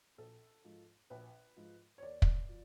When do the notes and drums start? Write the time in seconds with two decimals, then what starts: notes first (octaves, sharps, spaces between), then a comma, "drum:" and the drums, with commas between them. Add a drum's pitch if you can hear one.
0.18 A#1 A4
0.64 G#2 F3
1.10 A#1 B4
1.56 G#2 F3
1.98 C#5
2.03 D#2 D5
2.22 drum: kick
2.49 F3